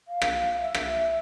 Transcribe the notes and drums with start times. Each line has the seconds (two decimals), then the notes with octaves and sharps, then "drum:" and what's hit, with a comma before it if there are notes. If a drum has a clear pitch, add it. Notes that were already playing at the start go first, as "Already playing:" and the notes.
0.08 F5
0.22 drum: rim click
0.55 F5
0.61 E5
0.74 drum: rim click